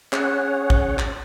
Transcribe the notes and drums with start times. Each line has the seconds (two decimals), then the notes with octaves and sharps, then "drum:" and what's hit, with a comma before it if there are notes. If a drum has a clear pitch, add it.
0.12 C#4 G#4 C#5 F#5, drum: clap
0.70 drum: kick A1
0.99 drum: clap